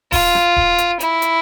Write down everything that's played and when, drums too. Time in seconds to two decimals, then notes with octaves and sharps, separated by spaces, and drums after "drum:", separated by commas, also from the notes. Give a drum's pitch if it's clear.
0.12 F4, drum: kick D#1, open hi-hat
0.35 drum: rim click
0.57 drum: kick D#1
0.78 drum: hi-hat
1.00 E4, drum: hi-hat
1.22 drum: hi-hat